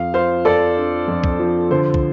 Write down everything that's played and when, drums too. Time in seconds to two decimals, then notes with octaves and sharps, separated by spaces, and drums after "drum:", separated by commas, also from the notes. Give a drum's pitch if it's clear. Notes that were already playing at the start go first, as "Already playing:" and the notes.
Already playing: F2 F5
0.13 F3 C5 F5
0.45 F2 A4 D5
0.77 D4
1.08 F2
1.24 drum: kick
1.39 F3
1.71 D3 C5
1.94 drum: kick